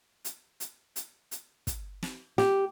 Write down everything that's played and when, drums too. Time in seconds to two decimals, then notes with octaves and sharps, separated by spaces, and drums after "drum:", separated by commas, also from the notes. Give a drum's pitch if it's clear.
0.25 drum: hi-hat
0.60 drum: hi-hat
0.96 drum: hi-hat
1.31 drum: hi-hat
1.67 drum: kick, hi-hat
2.03 drum: snare
2.38 G4, drum: snare